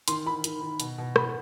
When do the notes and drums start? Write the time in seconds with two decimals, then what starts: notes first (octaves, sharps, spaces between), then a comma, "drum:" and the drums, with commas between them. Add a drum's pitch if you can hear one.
0.08 D#3 C6, drum: hi-hat
0.26 D#3 B5
0.44 D#3, drum: hi-hat
0.62 D#3
0.80 B2, drum: hi-hat
0.98 B2
1.16 B2 B5, drum: rim click